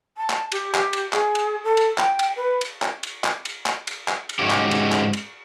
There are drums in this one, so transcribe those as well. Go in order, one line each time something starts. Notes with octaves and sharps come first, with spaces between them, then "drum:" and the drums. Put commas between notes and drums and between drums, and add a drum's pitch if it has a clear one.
A5
drum: clap
G4, drum: cymbal
G4, drum: clap
drum: cymbal
G#4, drum: clap
drum: cymbal
A4
drum: cymbal
G5, drum: clap
drum: cymbal
B4
drum: cymbal
drum: clap
drum: cymbal
drum: clap
drum: cymbal
drum: clap
drum: cymbal
drum: clap
drum: cymbal
G#2 G#3 C#4 F#4 G4
drum: clap
drum: cymbal
drum: clap
drum: cymbal